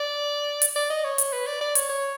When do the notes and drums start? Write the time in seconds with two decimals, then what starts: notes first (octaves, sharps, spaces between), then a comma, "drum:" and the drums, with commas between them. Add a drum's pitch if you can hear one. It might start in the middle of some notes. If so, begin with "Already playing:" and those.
Already playing: D5
0.62 drum: hi-hat
0.76 D5
0.90 D#5
1.04 C#5
1.18 drum: hi-hat
1.33 B4
1.47 D5
1.61 D5
1.75 C#5, drum: hi-hat
1.89 C#5